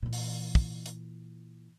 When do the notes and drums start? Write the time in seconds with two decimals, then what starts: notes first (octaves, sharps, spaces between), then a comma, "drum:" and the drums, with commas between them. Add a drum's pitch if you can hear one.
0.02 A#2 E3
0.13 drum: open hi-hat
0.55 drum: kick
0.86 drum: hi-hat